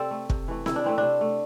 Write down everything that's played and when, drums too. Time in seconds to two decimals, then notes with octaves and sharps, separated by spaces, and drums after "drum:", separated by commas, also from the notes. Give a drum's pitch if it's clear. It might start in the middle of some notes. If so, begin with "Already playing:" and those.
Already playing: C3 C4 A4 D5
0.11 A3
0.30 C3, drum: kick
0.48 E3 A3
0.66 C3 E4, drum: snare C4
0.76 D4
0.84 E3 A3 C4
0.98 C3 D4
1.21 A3